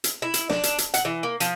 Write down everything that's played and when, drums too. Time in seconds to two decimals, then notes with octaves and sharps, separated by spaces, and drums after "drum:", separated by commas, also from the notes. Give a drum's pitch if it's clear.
0.04 drum: hi-hat
0.22 E4
0.34 drum: hi-hat
0.50 D4, drum: snare
0.63 drum: hi-hat
0.78 drum: hi-hat
0.94 F#5, drum: hi-hat
1.05 E3
1.23 A#3
1.40 F3, drum: hi-hat